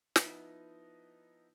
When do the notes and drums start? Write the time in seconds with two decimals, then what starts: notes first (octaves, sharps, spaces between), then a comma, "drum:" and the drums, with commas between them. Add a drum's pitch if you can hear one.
0.16 F3 B3 D#4 E4, drum: snare